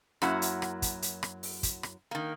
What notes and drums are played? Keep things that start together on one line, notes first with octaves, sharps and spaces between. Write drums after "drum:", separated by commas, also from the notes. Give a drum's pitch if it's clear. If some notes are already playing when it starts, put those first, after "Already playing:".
F#2 F#3 A#3 E4 F#5, drum: rim click
drum: hi-hat
drum: rim click
drum: kick, hi-hat
drum: hi-hat
drum: rim click
drum: open hi-hat
drum: kick, hi-hat
drum: rim click
D#3 A#3